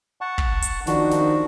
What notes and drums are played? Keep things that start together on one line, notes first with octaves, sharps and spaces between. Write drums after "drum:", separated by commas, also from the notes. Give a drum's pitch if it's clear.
F#5 A5 C#6
drum: kick
drum: hi-hat
D#3 F3 D4 F#4, drum: snare
drum: snare